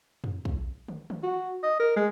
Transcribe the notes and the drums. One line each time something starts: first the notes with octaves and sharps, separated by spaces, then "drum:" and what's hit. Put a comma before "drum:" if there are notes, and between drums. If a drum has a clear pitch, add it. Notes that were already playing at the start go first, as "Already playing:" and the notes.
drum: tom F2
drum: kick
drum: tom
drum: tom
F#4
D#5
A#4
G#3